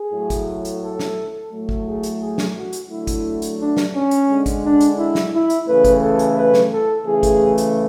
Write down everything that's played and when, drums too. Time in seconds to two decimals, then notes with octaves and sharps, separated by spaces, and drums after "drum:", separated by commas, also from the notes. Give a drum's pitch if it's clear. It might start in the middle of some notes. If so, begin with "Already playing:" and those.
Already playing: G#4
0.12 A2 F#3 A3
0.30 drum: kick G#1, hi-hat
0.65 drum: hi-hat
0.82 A4
0.99 drum: snare
1.52 A2 F#3 A3
1.69 drum: kick G#1
1.86 G#4
2.03 drum: hi-hat
2.20 G#4
2.38 drum: snare
2.56 F#4
2.73 drum: hi-hat
2.89 D3 F#3 A3 E4
3.07 drum: kick G#1, hi-hat
3.42 drum: hi-hat
3.59 D4
3.77 drum: snare
3.93 C#4
4.11 drum: hi-hat
4.29 D3 G#3
4.46 drum: kick G#1, hi-hat
4.63 D4
4.81 drum: hi-hat
4.97 E4
5.15 drum: snare
5.33 E4
5.50 drum: hi-hat
5.67 C#3 E3 A3 B4
5.84 drum: kick G#1, hi-hat
6.02 A4
6.19 drum: hi-hat
6.36 B4
6.54 drum: snare
6.71 A4
7.05 C#3 E3 A3 G#4
7.23 drum: kick G#1, hi-hat
7.58 drum: hi-hat